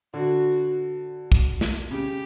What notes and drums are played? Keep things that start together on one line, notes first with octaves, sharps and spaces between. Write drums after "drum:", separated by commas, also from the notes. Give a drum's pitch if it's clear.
D3 F#4
drum: kick
drum: snare
C#3 G4